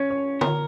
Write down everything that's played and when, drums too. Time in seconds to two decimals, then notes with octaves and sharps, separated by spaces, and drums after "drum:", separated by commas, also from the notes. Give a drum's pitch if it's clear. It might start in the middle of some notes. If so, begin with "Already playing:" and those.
Already playing: C#4 C#5
0.10 C#5
0.41 A#4, drum: tom